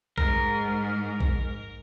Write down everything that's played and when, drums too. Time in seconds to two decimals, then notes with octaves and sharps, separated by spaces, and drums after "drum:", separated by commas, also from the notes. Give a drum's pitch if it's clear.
0.18 G#2 A#4, drum: kick A#1
1.20 drum: kick A#1